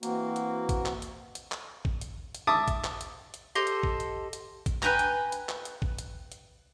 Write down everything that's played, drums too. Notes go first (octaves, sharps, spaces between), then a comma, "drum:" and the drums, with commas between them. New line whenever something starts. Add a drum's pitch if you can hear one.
E3 A#3 C4 F#4, drum: hi-hat
drum: hi-hat
drum: kick, hi-hat
drum: clap
drum: hi-hat
drum: hi-hat
drum: clap
drum: kick
drum: hi-hat
drum: hi-hat
E5 A5 D6 D#6
drum: kick, hi-hat
drum: clap
drum: hi-hat
drum: hi-hat
G4 A4 C5 D#5
drum: hi-hat
drum: kick
drum: hi-hat
drum: hi-hat
drum: kick, hi-hat
B4 G5 G#5 A#5, drum: clap
drum: hi-hat
drum: hi-hat
drum: clap
drum: hi-hat
drum: kick
drum: hi-hat
drum: hi-hat